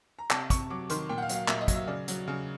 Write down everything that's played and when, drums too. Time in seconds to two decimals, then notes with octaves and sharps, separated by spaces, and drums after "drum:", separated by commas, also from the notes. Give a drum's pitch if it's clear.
0.19 A#5
0.30 C3 A5, drum: clap
0.50 C3 C#6, drum: kick, hi-hat
0.70 F#3 D6
0.90 D#3 C6, drum: hi-hat
1.09 A#2 G5
1.18 F#5
1.22 F5
1.29 F#3, drum: hi-hat
1.35 F5
1.48 A#2 E5, drum: clap
1.61 D#5
1.68 F#3, drum: kick, hi-hat
1.74 E5
1.87 C#3 D5
2.08 F#3, drum: hi-hat
2.28 C#3